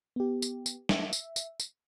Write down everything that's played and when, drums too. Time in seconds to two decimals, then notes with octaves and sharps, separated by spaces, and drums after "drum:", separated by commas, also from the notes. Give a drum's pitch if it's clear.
0.16 B3 G4
0.42 drum: tambourine
0.66 drum: tambourine
0.89 E5, drum: snare
1.13 drum: tambourine
1.36 drum: tambourine
1.60 drum: tambourine